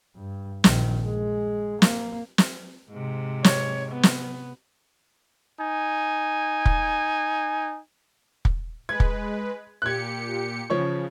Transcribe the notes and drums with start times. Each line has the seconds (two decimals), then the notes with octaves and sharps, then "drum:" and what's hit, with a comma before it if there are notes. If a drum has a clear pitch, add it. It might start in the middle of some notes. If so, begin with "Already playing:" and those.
0.16 G2
0.64 A#1 D#3, drum: snare
1.05 G#3
1.82 A#3, drum: snare
2.38 drum: snare
2.90 G#2 C3
3.44 C#5, drum: snare
3.92 B3
4.03 drum: snare
5.61 D#4 G#5
6.66 drum: kick
8.45 drum: kick
8.89 G#3 B4 G#6
9.00 drum: kick
9.82 A#2 G4 F#6 G#6 C#7
10.70 C#3 F3 C#5 C#6